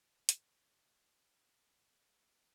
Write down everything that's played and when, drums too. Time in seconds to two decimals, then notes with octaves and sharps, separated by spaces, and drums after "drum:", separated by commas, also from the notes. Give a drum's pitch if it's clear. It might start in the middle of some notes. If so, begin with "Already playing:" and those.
Already playing: D3
0.29 D4, drum: hi-hat
0.68 F#2
1.09 B3
1.48 A3
1.88 D3
2.27 B2